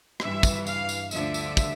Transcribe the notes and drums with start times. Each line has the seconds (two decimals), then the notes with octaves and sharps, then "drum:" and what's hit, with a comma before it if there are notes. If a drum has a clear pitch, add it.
0.20 G2 E3 E5, drum: rim click
0.43 drum: kick, tambourine
0.67 F5, drum: tambourine
0.89 drum: tambourine
1.11 D2 D3 F3 E5, drum: tambourine
1.34 drum: tambourine
1.57 drum: kick, tambourine